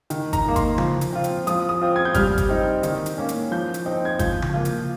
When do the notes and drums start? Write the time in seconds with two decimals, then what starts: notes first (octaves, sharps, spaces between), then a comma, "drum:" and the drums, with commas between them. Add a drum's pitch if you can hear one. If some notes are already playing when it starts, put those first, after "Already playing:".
0.10 D#3, drum: hi-hat
0.33 A#5, drum: kick G#1, hi-hat
0.45 A#3 D#4
0.56 C6, drum: kick G#1, hi-hat
0.78 F3, drum: tom C#3
1.01 drum: hi-hat
1.12 C4 F4
1.24 drum: hi-hat
1.47 F3 D#6, drum: hi-hat
1.69 D#6
1.81 C4 F4
1.96 G#6
2.05 G6
2.14 G3 F6, drum: kick G#1, hi-hat
2.38 drum: kick G#1, hi-hat
2.49 C4 D#4
2.83 D#3, drum: hi-hat
3.06 drum: hi-hat
3.18 A#3 C#4
3.29 drum: hi-hat
3.51 F3 G6
3.74 drum: hi-hat
3.86 C4 D#4
4.05 G#6
4.19 F3 G6, drum: kick G#1, hi-hat
4.42 drum: tom C#3
4.54 A#3 F4
4.65 drum: hi-hat